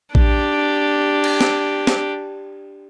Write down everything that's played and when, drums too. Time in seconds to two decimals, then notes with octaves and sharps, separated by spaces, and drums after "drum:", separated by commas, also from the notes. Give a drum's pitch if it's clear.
0.15 D4 G4, drum: kick A#1
1.24 drum: cymbal
1.41 drum: snare
1.87 drum: snare